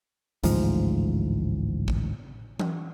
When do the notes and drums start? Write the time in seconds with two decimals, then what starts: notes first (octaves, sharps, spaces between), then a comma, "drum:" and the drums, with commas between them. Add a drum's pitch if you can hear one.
0.44 A1 D2 G#2 F3, drum: hi-hat
1.88 drum: kick A1
2.59 drum: tom E3